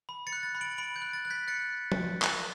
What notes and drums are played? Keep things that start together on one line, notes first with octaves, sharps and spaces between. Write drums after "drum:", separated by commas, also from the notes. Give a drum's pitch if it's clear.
B5
A6 C#7
F#6
A6
B5
D7 F#7
B5 D7 F#7
G6
F#6
A6
F#6
G6 B6
F#6 A6 C#7
drum: tom
drum: clap